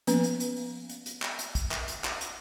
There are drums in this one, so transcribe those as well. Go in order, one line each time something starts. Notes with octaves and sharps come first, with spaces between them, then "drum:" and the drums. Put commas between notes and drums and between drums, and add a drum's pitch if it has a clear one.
F3 A#3 B3 C#4 B4, drum: hi-hat
drum: hi-hat
drum: hi-hat
drum: open hi-hat
drum: hi-hat
drum: hi-hat
drum: clap
drum: hi-hat
drum: kick, hi-hat
drum: clap
drum: hi-hat
drum: clap
drum: hi-hat